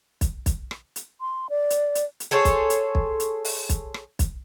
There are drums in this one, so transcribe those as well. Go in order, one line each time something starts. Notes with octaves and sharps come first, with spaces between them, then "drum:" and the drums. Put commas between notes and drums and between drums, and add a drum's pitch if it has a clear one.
drum: kick, hi-hat
drum: kick, hi-hat
drum: rim click
drum: hi-hat
C6
D5
drum: hi-hat
drum: hi-hat
drum: hi-hat
G#4 A4 C5 C#5
drum: kick, hi-hat
drum: hi-hat
drum: kick
drum: hi-hat
drum: open hi-hat
drum: kick, hi-hat
drum: rim click
drum: kick, hi-hat